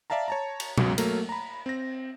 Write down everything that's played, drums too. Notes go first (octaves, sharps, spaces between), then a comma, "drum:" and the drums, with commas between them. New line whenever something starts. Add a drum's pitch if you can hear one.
D5 E5 F5 A5 A#5
C#5 A5 A#5
drum: cymbal
C#2 F#2 B2 F#3, drum: tom
F#3 A3 A#3 A#4, drum: cymbal
A#5 B5
C4 A#6